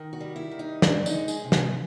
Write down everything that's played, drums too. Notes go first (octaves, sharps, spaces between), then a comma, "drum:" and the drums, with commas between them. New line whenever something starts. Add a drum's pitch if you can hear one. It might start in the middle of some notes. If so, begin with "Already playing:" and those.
Already playing: D#3
F#4
G3
E4
D#3
D#4
F2 D4, drum: snare
D#4, drum: tambourine
G#3
G#4, drum: tambourine
C3
G#4, drum: snare